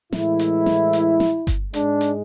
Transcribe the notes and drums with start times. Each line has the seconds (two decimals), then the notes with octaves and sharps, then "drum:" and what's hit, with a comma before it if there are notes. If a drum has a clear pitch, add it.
0.12 A2 E3 G#3 E4, drum: snare
0.39 drum: hi-hat
0.66 drum: snare
0.93 drum: hi-hat
1.20 drum: snare
1.47 drum: kick G1, hi-hat
1.74 G#2 G#3 D4, drum: hi-hat
2.01 drum: hi-hat